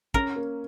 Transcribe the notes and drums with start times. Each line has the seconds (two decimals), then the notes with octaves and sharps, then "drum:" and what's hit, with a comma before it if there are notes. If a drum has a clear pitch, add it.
0.14 C#4 A#4, drum: kick
0.36 A#3